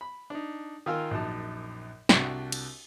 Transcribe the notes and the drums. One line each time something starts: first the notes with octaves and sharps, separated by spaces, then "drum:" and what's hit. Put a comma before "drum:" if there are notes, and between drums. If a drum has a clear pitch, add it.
B5
D4 D#4
D#3 F4 A#4 F5 G#5 E6
A#1 F#2 D#4 A5
C2 D4 F#4 G5, drum: snare
drum: cymbal